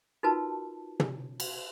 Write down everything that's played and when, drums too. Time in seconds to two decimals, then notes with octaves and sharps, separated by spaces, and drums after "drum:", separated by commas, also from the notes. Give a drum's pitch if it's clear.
0.23 D#4 F4 F#4 A#4 B4 A5
1.00 drum: tom
1.40 drum: cymbal